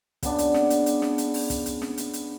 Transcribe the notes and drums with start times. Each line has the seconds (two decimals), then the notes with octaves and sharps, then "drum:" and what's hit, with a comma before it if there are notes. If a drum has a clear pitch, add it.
0.23 C#3 B3 D4, drum: kick, hi-hat
0.38 drum: hi-hat
0.54 drum: snare
0.70 drum: hi-hat
0.86 drum: hi-hat
1.02 drum: snare
1.18 drum: hi-hat
1.34 drum: open hi-hat
1.50 drum: kick, hi-hat
1.66 drum: hi-hat
1.82 drum: snare
1.98 drum: hi-hat
2.13 drum: hi-hat